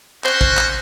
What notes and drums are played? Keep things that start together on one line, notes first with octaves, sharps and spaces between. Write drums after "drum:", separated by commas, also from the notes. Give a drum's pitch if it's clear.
C#4 F#4 C5, drum: clap
drum: kick
drum: clap